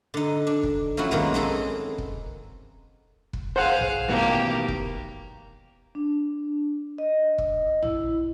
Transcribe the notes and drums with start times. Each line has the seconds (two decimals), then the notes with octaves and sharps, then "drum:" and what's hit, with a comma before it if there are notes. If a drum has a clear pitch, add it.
0.14 D3 D#4
0.47 D4
0.63 drum: kick
0.97 F3 F#3 C#4 E4 F#4
1.11 D#3 F#3 G#3 A#3 B3, drum: tom A#1
1.34 C4 D#4 G#4 A4
1.98 drum: kick
3.33 drum: kick
3.56 G#4 C5 F5 F#5 F#6
3.78 drum: tom A#1
4.08 A1 B2 D#3 A#3 G4
4.68 drum: kick
5.95 D4
6.98 D#5
7.38 drum: kick
7.83 E4, drum: tom A#1